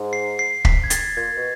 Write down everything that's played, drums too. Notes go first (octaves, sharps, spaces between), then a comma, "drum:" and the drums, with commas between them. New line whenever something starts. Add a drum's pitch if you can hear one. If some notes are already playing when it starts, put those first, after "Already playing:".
Already playing: G#2
C7
C7
B6, drum: kick
G#6
A6, drum: hi-hat
A#2 G#6
B2